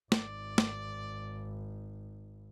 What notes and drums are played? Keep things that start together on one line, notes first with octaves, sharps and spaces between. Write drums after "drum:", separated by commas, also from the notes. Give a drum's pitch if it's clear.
G#1 D5, drum: snare
drum: snare